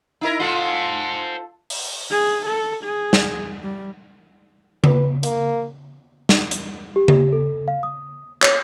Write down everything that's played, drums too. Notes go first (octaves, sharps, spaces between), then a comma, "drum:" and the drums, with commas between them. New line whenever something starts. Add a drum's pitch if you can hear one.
D#4 E4 A#4
F4 A4 C5 F#5
drum: open hi-hat
G#4
A4
G#4
drum: snare
G3
B4, drum: tom C#3
A#3, drum: hi-hat
drum: snare
drum: hi-hat
G4
G4, drum: tom C#3
A4
F5
D#6
C#5, drum: clap